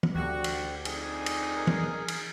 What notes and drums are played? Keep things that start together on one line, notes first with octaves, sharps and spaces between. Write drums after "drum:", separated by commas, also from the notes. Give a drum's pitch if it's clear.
drum: tom E3
D2 D3 F#4 G4
drum: cymbal
F2 D4 D#4 G#4 G#5, drum: cymbal
drum: cymbal
A#4 F6 G6
drum: tom E3
drum: cymbal